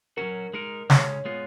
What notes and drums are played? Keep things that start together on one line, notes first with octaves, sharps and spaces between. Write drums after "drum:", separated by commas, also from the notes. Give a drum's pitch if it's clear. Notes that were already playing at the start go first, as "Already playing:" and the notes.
F#3 C#4 F#4 A#4
G#3 D#4 A#4
C#3 G#3 C#4 C#5, drum: snare
G#3 B3 F4